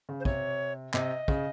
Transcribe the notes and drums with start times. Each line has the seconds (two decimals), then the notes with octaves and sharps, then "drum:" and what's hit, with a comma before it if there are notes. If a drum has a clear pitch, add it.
0.09 C#3
0.20 C5
0.25 C3 C#5, drum: kick
0.94 C3 D#5, drum: clap
1.28 C#3, drum: kick